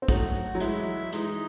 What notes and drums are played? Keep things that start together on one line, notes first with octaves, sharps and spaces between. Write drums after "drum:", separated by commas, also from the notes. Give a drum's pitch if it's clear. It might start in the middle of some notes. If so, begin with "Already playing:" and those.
C4
F#3 A3 D#4 F#4, drum: kick, hi-hat
F#3
E3 G#3 E4, drum: hi-hat
E3 G#3 D#4, drum: hi-hat